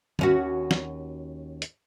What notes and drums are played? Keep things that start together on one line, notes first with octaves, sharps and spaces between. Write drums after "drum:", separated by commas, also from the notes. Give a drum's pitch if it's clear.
D#2 C#4 F#4, drum: tom D#3
drum: snare
drum: hi-hat